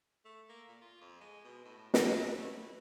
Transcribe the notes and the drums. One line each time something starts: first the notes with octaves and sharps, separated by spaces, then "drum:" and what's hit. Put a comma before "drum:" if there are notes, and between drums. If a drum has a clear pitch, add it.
A3
A#3
A#2
F4
F2
G#3
B2
A2
A#3, drum: snare
A3
E4